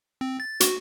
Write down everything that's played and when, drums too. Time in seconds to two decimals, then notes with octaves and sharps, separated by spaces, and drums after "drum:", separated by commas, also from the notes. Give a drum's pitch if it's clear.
0.21 C4
0.40 A6
0.60 F#4, drum: hi-hat